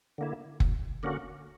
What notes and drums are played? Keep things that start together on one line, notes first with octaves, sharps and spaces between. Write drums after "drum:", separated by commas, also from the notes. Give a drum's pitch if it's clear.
D3 A#3 E4
D2, drum: kick
D3 A#3 C#4 F#4